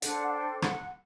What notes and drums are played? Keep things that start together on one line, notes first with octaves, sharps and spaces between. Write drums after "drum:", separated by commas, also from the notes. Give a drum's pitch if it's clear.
D4 A4 C5 F#5, drum: hi-hat
F#5
G5
F#5, drum: rim click